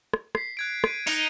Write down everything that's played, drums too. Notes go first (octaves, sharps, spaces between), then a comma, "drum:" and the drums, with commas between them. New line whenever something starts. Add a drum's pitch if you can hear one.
drum: rim click
B6 C7, drum: rim click
F#6 G#6 D7
D7 D#7, drum: rim click
D#4 C#7 F7 G7, drum: open hi-hat